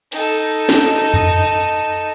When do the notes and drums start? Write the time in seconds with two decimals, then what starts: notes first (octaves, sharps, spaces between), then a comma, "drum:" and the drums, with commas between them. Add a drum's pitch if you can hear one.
0.12 D#4 A4, drum: cymbal
0.69 drum: snare
1.14 drum: tom F2